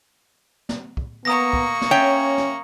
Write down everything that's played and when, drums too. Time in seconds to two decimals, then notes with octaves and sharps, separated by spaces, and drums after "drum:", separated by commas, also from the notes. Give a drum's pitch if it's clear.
0.69 drum: snare
0.97 drum: kick
1.25 A#3 B3 A#5 C#6 D#6 A#6
1.53 drum: kick
1.81 drum: snare
1.91 C#4 C#5 E5 G5
2.38 drum: snare